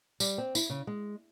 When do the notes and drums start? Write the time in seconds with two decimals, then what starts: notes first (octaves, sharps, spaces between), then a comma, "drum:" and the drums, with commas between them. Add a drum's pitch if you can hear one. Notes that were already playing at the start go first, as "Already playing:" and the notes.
0.20 G3, drum: tambourine
0.38 C4
0.55 E4, drum: tambourine
0.70 C#3
0.87 G#3